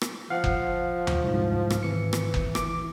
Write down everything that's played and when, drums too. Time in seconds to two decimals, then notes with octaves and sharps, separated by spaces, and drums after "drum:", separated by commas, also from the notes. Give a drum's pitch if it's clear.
0.01 drum: rim click
0.30 F3 F5 F#5
0.44 drum: kick F#1
1.07 drum: tom D#2
1.23 C2 G#2
1.70 drum: rim click
1.83 G#1 E3 C#7
2.13 drum: rim click
2.34 drum: kick F#1
2.55 D6, drum: rim click